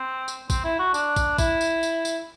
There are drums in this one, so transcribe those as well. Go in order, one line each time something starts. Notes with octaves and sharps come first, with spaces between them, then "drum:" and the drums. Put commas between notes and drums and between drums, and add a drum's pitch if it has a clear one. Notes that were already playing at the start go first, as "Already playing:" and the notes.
Already playing: C4
drum: tambourine
C4, drum: kick, tambourine
E4
F#4
D4, drum: tambourine
drum: kick, tambourine
E4, drum: kick, tambourine
drum: tambourine
drum: tambourine
drum: tambourine